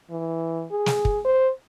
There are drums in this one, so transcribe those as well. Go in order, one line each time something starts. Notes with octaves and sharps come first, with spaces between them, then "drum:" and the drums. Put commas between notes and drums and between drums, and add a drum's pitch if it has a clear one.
E3
G#4
drum: snare
drum: kick
C5